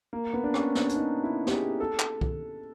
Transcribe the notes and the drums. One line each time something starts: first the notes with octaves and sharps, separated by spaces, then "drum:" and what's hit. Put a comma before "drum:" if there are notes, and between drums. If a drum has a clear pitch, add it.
A#3
B3
D4
C#4, drum: rim click
D4, drum: snare
D4, drum: hi-hat
D#4
E4
G4, drum: snare
G#4
A4
drum: clap
A4, drum: kick